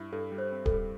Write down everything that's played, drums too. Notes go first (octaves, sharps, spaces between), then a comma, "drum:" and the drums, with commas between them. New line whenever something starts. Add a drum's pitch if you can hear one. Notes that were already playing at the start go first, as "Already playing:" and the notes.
Already playing: G2 E4
G2 A4
G3
C5
C4
A4, drum: kick D1
G3